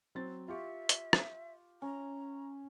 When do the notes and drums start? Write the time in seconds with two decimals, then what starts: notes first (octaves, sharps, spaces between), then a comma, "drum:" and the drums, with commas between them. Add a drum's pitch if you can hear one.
0.15 F#3 C4 A6
0.48 F4 G4 E5 C#6
0.89 drum: hi-hat
1.13 drum: rim click
1.82 C#4 A#5